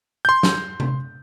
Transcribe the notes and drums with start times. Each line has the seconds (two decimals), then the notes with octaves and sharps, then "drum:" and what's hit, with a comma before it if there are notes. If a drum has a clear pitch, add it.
0.25 C6 G6
0.43 drum: snare
0.80 drum: tom C3